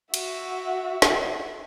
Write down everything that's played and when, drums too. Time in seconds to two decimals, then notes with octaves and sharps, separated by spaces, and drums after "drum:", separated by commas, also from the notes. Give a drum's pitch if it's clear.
0.14 F#4 E5, drum: cymbal
1.02 drum: snare